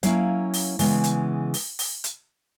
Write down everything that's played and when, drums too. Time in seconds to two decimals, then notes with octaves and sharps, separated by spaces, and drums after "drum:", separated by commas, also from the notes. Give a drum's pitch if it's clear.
0.03 F#3 A#3 C#4 E4 F5, drum: hi-hat
0.54 drum: open hi-hat
0.79 C#3 E3 G#3 B3, drum: open hi-hat
1.04 drum: hi-hat
1.54 drum: open hi-hat
1.79 drum: open hi-hat
2.04 drum: hi-hat